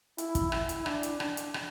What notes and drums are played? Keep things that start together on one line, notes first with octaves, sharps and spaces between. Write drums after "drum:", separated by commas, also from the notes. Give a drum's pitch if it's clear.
E4, drum: hi-hat
drum: kick, hi-hat
E4, drum: rim click
drum: hi-hat
D4, drum: rim click
drum: hi-hat
D4, drum: rim click
drum: hi-hat
drum: rim click